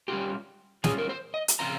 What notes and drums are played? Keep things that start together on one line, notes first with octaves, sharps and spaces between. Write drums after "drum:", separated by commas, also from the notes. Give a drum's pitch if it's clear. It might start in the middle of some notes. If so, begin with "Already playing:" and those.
G3 C#4 F4 G4
G3 C#4 F4 G#4, drum: snare
A#4
C5
D#5
drum: hi-hat
C#3 F3 C4 F4 A#5